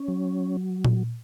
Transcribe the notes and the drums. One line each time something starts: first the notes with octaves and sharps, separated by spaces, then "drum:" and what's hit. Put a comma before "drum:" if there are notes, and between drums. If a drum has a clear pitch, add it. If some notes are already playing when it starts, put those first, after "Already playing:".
Already playing: C#4
F#3
drum: tom A#2